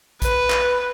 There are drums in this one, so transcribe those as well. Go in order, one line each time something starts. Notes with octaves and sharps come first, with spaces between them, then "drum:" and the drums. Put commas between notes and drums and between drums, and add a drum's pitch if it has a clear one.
B4, drum: kick A#1, hi-hat
drum: clap